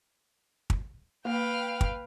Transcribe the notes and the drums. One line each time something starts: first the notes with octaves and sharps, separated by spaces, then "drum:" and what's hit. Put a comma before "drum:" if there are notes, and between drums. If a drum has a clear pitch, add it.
drum: kick
A#3 B4 F5 G5
drum: kick